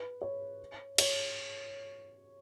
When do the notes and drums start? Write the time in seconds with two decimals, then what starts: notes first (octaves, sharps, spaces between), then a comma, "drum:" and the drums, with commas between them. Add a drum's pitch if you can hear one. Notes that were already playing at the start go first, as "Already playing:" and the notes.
Already playing: B4
0.22 C#5
0.98 C#5, drum: cymbal